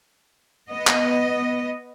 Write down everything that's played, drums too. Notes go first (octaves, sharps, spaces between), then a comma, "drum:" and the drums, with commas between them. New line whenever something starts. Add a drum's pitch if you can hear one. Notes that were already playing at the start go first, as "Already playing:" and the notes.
B3 D#5
drum: clap